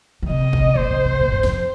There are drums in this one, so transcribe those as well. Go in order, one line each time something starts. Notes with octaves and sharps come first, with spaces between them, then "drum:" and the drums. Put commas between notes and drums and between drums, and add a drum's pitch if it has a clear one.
D#3
C3 D#5
C3, drum: kick
A#2 C5
C3
C3
A#2
G2
F2, drum: snare